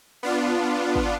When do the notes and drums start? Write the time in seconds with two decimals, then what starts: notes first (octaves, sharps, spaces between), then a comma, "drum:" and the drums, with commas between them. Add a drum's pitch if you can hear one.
0.23 B3 D4 F4
0.96 drum: kick